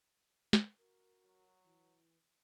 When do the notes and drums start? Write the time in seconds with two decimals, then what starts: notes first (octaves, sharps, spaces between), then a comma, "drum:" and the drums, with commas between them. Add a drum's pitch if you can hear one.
0.53 drum: snare
0.78 F#4 A#4
1.25 F#3
1.64 E3